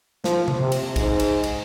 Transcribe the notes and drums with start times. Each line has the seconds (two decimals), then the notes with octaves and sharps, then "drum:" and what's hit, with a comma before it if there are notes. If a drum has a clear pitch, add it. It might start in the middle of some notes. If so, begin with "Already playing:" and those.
0.24 F3, drum: snare
0.48 drum: tom C3
0.60 C3
0.72 drum: cymbal
0.96 G#2, drum: kick, cymbal
1.20 drum: cymbal
1.43 drum: cymbal